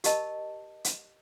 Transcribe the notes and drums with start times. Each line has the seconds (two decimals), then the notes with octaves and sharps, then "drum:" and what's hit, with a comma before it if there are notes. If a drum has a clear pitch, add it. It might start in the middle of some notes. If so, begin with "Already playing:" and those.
0.04 G4 A#4 D#5 A5, drum: hi-hat
0.84 drum: hi-hat